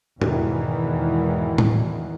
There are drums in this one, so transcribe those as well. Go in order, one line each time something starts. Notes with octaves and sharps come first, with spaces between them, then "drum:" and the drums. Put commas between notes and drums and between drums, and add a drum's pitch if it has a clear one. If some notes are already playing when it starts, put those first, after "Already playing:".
E2 G#2 B2 D#3 E3, drum: tom
drum: tom A2